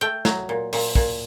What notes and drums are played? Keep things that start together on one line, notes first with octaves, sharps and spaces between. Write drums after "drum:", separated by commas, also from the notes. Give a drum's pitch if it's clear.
A3 G5
F#3, drum: snare
A#2
A#2, drum: open hi-hat
A#2, drum: kick